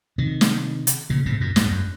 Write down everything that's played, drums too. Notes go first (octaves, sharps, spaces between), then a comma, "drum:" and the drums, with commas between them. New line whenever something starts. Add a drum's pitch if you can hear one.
C3 D#3
drum: snare
drum: hi-hat
A#2 C#3
A2 C3
F#2 A#2
F2 A2, drum: snare
F#2